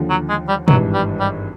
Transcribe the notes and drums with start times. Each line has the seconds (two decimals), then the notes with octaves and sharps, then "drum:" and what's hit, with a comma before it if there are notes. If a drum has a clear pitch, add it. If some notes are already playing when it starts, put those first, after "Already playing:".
Already playing: D#2 D3 F3
0.10 F#3
0.29 G#3
0.48 G3
0.68 G#1 G2 E3 F#3, drum: tom
0.94 G3
1.20 G3